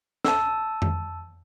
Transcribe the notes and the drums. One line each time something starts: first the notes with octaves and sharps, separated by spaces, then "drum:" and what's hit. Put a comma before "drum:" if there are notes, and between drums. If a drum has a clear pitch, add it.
A5 E6, drum: snare
drum: tom F2